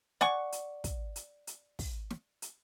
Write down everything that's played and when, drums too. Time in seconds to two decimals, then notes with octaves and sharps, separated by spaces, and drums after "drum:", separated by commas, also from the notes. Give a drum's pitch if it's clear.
0.21 D5 F#5 G#5 C#6, drum: snare
0.52 drum: hi-hat
0.84 drum: kick, hi-hat
1.16 drum: hi-hat
1.47 drum: hi-hat
1.79 drum: kick, open hi-hat
2.10 drum: snare
2.42 drum: hi-hat